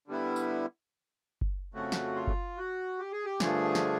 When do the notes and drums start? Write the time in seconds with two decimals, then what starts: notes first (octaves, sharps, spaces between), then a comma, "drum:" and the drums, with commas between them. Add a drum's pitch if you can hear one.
0.07 D3 G3 B3 E4
0.36 drum: tambourine
1.41 drum: kick F#1
1.74 F2 C#3 F#3 A3 F#4
1.92 drum: snare
2.16 F4
2.27 drum: kick F#1
2.57 F#4
2.99 G4
3.12 G#4
3.25 G4
3.40 G2 D3 F3 A3 G#4, drum: snare
3.75 drum: snare